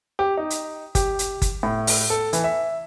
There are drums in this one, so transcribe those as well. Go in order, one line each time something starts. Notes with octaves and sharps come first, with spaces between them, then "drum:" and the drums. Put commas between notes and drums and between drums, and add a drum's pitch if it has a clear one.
G4
D#4
drum: hi-hat
G4, drum: kick G1, hi-hat
drum: hi-hat
drum: kick G1, hi-hat
A2
drum: open hi-hat
A4
E3, drum: hi-hat
E5